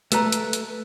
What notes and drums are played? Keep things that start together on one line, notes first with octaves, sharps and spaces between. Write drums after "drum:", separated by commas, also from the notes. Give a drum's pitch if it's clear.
A3 A4 B4 A#5, drum: hi-hat
drum: hi-hat
drum: hi-hat